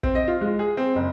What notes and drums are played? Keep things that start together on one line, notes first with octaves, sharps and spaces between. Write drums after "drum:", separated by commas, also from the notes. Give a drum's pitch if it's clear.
C4, drum: kick
D#5
F4
G#3
G#4
C4
F#1